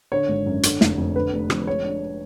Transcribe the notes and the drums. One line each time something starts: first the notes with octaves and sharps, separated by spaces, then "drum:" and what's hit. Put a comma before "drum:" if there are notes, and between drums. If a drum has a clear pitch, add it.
D3 C#5
G#1
F#2
D3, drum: hi-hat
F1, drum: snare
F2
D3 B4
F1
F2, drum: rim click
G#3 C#5
D4